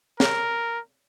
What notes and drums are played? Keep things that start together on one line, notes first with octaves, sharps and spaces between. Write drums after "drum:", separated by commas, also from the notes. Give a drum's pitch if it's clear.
A#4, drum: snare